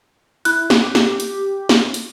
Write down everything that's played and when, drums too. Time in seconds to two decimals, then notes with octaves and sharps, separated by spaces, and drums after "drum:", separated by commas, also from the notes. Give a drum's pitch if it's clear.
0.45 E4 F#6, drum: hi-hat
0.70 drum: snare
0.80 G4
0.95 drum: snare
1.20 drum: hi-hat
1.69 drum: snare
1.94 drum: hi-hat